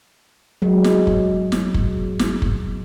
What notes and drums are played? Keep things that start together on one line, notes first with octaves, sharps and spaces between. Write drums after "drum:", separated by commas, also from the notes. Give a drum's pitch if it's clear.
F#3 G#3
drum: snare
drum: kick
drum: snare
drum: kick
drum: snare
drum: kick